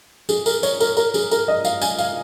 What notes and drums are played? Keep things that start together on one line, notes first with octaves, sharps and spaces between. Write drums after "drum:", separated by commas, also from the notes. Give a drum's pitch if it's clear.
G#4, drum: tambourine
A#4, drum: tambourine
C#5, drum: tambourine
A#4, drum: tambourine
A#4, drum: tambourine
G#4, drum: tambourine
A#4, drum: tambourine
D#5
F5, drum: tambourine
G#5, drum: tambourine
F5, drum: tambourine